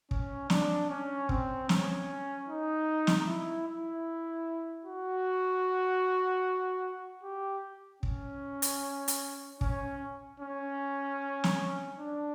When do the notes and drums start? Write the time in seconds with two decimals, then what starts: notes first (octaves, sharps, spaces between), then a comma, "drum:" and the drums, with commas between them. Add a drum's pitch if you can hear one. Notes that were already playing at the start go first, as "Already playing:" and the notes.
0.11 C#4, drum: kick
0.50 D4, drum: snare
0.90 C#4
1.29 C4, drum: kick
1.69 C#4, drum: snare
2.49 D#4
3.07 drum: snare
3.27 E4
3.68 E4
4.85 F#4
7.24 G4
8.03 C#4, drum: kick
8.62 drum: hi-hat
9.08 drum: hi-hat
9.61 C#4, drum: kick
10.40 C#4
11.44 drum: snare
11.99 D4